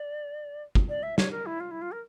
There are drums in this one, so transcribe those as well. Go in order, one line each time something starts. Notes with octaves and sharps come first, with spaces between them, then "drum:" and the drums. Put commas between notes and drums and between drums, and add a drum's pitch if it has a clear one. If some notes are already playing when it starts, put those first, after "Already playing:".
Already playing: D5
drum: kick
D5
E5
C#5, drum: snare
A#4
E4
F4
E4
F4
A#4